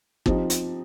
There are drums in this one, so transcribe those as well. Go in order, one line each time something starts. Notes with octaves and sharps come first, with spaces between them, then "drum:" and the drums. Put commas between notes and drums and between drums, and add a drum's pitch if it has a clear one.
F3 C4 D#4 G4, drum: kick
drum: hi-hat